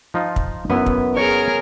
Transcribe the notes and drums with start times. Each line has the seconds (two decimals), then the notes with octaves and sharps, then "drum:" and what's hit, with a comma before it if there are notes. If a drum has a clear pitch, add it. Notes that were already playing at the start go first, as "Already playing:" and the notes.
0.14 F3 D#4 F4
0.36 drum: kick
0.70 F#2 B3 E4
0.86 drum: kick
1.16 G#4 A#4 C#5 F6